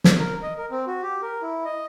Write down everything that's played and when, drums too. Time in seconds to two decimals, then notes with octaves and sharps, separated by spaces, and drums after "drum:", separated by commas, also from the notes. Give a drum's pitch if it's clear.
0.04 drum: snare
0.19 A#4
0.42 D#5
0.57 A#4
0.71 C4
0.87 F#4
1.02 G4
1.22 A#4
1.42 E4
1.65 D#5